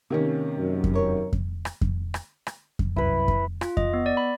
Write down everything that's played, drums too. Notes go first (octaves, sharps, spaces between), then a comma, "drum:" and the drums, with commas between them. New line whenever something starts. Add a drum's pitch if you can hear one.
C3 D#3 A#3 C#4
F#2
drum: kick F2
A#4 C#5
drum: kick F2
drum: rim click
drum: kick F2
drum: rim click
drum: rim click
drum: kick F2
C2 F#2 E4 B4
drum: kick F2
F4, drum: rim click
D#5, drum: kick F2
B3
D5
B5